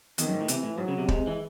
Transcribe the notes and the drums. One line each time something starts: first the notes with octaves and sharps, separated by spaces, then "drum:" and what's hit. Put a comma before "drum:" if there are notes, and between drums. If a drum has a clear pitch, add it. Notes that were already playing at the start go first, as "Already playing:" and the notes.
E2 D#3, drum: hi-hat
F#2
G#2
A2
C3 E3, drum: hi-hat
A2
G#2 F#3
C#3
C3
C3 G#3, drum: kick
E3